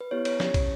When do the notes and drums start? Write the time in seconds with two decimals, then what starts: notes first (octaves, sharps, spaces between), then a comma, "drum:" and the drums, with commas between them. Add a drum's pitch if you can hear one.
0.01 B4
0.11 B3 E4 G4 C#5
0.25 C#5, drum: cymbal
0.40 C#4 G4 C#5, drum: snare
0.54 drum: kick, cymbal